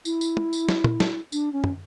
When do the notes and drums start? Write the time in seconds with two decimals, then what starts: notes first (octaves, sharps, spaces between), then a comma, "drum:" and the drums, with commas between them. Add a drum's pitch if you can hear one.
0.05 E4, drum: tambourine
0.21 drum: tambourine
0.37 drum: tom
0.53 drum: tambourine
0.69 drum: snare
0.84 drum: tom
1.00 drum: snare
1.32 D4, drum: tambourine
1.53 C#4
1.64 drum: tom